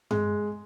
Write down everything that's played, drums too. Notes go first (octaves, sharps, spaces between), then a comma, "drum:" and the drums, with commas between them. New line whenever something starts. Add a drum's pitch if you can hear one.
G#3, drum: tom G2